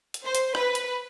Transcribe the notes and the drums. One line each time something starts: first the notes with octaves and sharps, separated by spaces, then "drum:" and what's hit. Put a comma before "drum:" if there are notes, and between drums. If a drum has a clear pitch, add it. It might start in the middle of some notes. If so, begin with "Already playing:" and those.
drum: hi-hat
C5
drum: hi-hat
B4, drum: rim click
drum: hi-hat